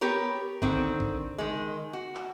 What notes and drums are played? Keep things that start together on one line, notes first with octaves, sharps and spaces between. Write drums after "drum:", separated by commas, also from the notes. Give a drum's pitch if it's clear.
B3 G4 A#4 C#5
D3 D#3 C4, drum: kick G#1
drum: kick G#1
D#3 G#3
F#4
drum: clap